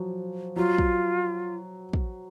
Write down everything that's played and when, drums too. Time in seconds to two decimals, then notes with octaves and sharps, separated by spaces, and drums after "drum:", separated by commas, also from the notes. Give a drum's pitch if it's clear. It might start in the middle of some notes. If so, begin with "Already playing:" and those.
Already playing: F3 F#3
0.56 F#3 F4
0.78 drum: kick
1.93 drum: kick